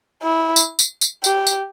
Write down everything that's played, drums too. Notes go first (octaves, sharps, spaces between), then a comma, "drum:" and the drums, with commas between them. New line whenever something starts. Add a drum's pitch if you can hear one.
E4
drum: tambourine
drum: tambourine
drum: tambourine
G4, drum: tambourine
drum: tambourine